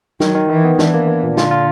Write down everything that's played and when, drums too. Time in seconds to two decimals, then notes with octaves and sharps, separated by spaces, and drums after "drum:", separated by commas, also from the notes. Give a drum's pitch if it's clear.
0.20 D#3 F#3, drum: snare
0.35 D#3
0.50 D#3 E3
0.64 B3
0.79 E3 D4, drum: snare
0.94 A#3
1.08 A#3
1.23 A#2
1.37 D3 F4, drum: snare
1.51 F4